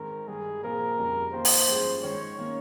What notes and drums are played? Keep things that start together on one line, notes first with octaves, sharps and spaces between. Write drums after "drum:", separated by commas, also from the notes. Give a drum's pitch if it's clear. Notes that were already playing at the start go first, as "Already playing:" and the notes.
Already playing: G#2 D#3 G#3 C4 A#4
G2 D#3 G#3 G#4
A#2 F3 C4 F4 G#4 A#4
F2 C#3 G3
D#2 D#3 A#3 F4 C5
drum: open hi-hat
G2 F3 G#3 C#4 G#4
G#2 D#3 G#3 C#5
D#3 A#3 C#4